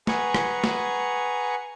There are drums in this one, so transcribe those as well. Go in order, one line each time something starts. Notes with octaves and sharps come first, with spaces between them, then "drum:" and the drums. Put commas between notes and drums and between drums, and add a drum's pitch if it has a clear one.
G#4 B4 F#5 G#5 A#5 C#6, drum: snare
drum: rim click
drum: snare